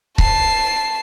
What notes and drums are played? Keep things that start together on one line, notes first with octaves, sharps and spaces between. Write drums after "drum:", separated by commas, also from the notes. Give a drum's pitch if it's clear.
A5 C7, drum: kick C#1